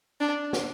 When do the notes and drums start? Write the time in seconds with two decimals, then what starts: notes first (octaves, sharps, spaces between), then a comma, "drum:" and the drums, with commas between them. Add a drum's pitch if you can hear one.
0.21 D4
0.53 drum: snare